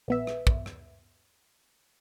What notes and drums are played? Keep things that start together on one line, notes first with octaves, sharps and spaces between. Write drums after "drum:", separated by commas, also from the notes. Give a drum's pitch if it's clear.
A#1 B3 E5
drum: rim click
drum: kick
drum: rim click